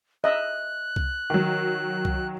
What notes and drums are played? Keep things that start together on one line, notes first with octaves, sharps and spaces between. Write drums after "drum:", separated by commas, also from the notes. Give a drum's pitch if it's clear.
D#5 E5 F#6
drum: kick C2
D#3 F#3
drum: kick C2